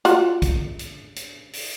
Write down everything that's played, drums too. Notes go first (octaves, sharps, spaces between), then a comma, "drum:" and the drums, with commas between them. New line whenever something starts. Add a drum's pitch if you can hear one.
F4 F#4, drum: hi-hat
drum: kick, hi-hat
drum: hi-hat
drum: hi-hat
drum: open hi-hat